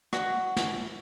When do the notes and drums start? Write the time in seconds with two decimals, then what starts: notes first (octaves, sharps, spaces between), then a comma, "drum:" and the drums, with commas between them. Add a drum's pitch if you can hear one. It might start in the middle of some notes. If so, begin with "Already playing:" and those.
0.13 F#4, drum: rim click
0.57 drum: snare